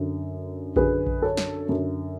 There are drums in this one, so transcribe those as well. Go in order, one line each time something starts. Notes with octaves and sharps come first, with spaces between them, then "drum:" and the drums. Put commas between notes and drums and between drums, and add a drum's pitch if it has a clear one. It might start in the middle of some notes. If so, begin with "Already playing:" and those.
Already playing: F#2 D3
F#2 D3 G#4 B4, drum: kick A#1
drum: kick A#1
A4 C#5
drum: snare
F#2 D3